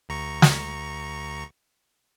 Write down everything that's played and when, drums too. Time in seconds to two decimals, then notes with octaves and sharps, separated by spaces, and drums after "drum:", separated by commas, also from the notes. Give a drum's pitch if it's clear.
0.09 D2 A#5 C#6
0.42 drum: snare